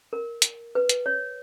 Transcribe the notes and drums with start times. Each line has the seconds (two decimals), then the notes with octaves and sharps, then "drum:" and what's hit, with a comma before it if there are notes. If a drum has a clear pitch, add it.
0.13 A#4
0.42 drum: hi-hat
0.75 B4
0.89 drum: hi-hat
1.06 C#5